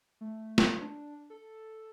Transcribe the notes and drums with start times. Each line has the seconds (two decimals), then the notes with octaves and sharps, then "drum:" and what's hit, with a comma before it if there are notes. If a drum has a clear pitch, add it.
0.21 A3
0.58 drum: snare
0.81 D4
1.30 A4